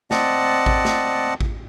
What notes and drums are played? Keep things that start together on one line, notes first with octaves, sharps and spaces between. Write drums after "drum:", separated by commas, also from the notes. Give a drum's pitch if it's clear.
C4 D5 D#5 F#5 A5, drum: snare
drum: kick A1
drum: snare
drum: kick A1